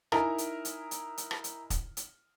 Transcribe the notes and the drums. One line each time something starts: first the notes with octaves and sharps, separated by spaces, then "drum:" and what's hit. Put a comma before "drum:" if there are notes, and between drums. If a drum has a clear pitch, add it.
D#4 E4 A#4 G#5 A#5, drum: rim click
drum: hi-hat
drum: hi-hat
drum: hi-hat
drum: hi-hat
drum: rim click
drum: hi-hat
drum: kick, hi-hat
drum: hi-hat